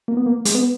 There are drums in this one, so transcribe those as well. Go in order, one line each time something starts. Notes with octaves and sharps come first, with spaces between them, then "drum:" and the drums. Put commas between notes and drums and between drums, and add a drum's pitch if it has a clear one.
A#3
B3
A#3
G#3, drum: hi-hat
B3